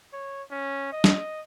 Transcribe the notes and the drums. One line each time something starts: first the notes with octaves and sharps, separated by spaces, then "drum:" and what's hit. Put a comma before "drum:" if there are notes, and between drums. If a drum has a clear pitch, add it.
C#5
C#4
D#5
drum: snare